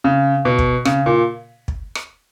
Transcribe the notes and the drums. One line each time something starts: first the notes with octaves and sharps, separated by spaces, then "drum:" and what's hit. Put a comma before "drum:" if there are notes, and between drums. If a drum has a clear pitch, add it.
C#3
B2
drum: kick
C#3, drum: rim click
A#2
drum: kick
drum: rim click